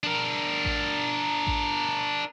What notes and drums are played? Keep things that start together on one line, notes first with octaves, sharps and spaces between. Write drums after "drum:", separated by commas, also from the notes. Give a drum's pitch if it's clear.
D4 A#4
drum: kick A1
drum: kick A1